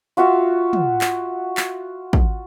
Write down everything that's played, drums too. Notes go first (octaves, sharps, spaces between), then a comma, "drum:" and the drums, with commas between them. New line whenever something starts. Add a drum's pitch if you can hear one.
F4 F#4 E5 F5
drum: tom
drum: clap
drum: clap
drum: kick